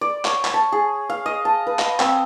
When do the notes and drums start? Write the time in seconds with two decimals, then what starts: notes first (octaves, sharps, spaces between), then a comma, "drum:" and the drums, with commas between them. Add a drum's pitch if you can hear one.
0.01 D5
0.25 C#5, drum: clap
0.45 drum: clap
0.54 A5
0.72 G#4
1.10 F5
1.26 D#5
1.45 A5
1.67 B4
1.79 D#5, drum: clap
2.00 C4, drum: clap